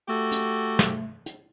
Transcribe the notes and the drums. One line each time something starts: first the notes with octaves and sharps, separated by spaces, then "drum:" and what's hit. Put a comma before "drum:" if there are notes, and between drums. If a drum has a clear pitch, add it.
A3 F#4 G4 A4
drum: hi-hat
drum: snare
drum: hi-hat